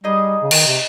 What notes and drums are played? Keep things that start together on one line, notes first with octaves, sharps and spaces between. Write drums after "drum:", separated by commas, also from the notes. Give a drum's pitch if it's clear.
G3 D#4 G#4 D#5
C#3
D#3, drum: cymbal
C3